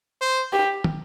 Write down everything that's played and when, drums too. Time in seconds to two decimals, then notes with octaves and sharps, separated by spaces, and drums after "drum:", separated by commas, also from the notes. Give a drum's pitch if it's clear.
0.21 C5
0.53 G4
0.84 drum: tom